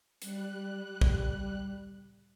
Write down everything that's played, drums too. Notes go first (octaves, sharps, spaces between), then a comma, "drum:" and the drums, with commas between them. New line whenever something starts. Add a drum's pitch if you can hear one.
G3 F#6, drum: hi-hat
drum: kick A1